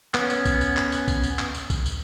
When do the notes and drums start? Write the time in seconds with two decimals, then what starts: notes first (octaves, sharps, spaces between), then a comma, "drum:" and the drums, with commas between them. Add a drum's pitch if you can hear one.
0.14 B3 C#4, drum: clap
0.30 drum: tambourine
0.45 drum: kick B1, tambourine
0.61 drum: tambourine
0.77 drum: clap
0.92 drum: tambourine
1.08 drum: kick B1, tambourine
1.23 drum: tambourine
1.39 drum: clap
1.54 drum: tambourine
1.70 drum: kick B1, tambourine
1.86 drum: tambourine